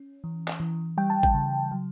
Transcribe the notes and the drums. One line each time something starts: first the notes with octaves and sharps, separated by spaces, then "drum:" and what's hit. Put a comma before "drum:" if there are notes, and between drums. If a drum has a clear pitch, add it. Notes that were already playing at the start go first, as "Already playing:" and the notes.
Already playing: C#4
E3
drum: clap
E3
G3 G5
A5
G5, drum: kick G#1
C#3
F#3